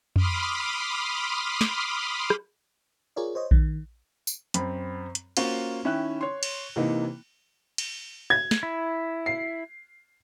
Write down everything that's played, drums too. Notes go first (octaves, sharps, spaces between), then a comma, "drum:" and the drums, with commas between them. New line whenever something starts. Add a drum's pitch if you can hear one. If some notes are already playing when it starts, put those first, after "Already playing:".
B5 C6 D6 D#6 F6, drum: tom F2
drum: snare
drum: rim click
F4 G#4 A#4 C#5 D5
C5 C#5 D#5
D#3, drum: kick A#1
drum: tambourine
F#2 C4 B5, drum: hi-hat
drum: hi-hat
A#3 C#4 F4 F#4 C5, drum: cymbal
D#3 C#4 E4 E5 G5 F#6
C#5 C6
drum: cymbal
C3 E3 A#3 D#4
drum: cymbal
G#6
drum: snare
E4
C7